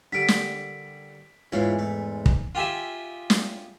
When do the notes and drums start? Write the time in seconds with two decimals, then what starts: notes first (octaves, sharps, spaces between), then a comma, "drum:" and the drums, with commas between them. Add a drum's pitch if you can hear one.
0.12 D3 G3 A#4 B6 D7
0.28 drum: snare
1.52 E2 G#2 C#4 E4 F4
1.79 A3
2.26 drum: kick
2.55 F4 G4 G#4 E5
3.30 drum: snare